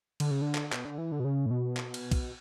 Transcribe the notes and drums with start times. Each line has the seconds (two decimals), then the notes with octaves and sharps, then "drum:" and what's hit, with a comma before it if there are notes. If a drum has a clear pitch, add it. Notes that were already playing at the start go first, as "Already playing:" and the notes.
0.20 D3, drum: cymbal
0.31 C#3
0.42 D3
0.55 drum: clap
0.72 B2, drum: clap
0.85 D3
0.98 E3
1.12 D3
1.20 B2
1.25 C#3
1.46 A2
1.51 B2
1.77 drum: clap
1.94 drum: cymbal
2.12 drum: kick, cymbal